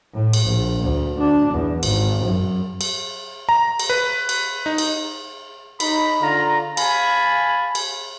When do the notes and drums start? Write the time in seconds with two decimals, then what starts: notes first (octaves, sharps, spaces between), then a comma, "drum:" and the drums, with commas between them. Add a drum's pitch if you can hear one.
0.14 A2
0.33 drum: cymbal
0.45 A#1
0.83 D2
1.18 D4
1.54 E2
1.83 G#1, drum: cymbal
2.24 F#2
2.81 drum: cymbal
3.49 A#5
3.80 drum: cymbal
3.90 B4
4.29 drum: cymbal
4.66 D#4
4.78 drum: cymbal
5.80 D#4 B5, drum: cymbal
6.21 D3 F4 A#5
6.77 F5 G#5 A5 B5, drum: cymbal
7.75 drum: cymbal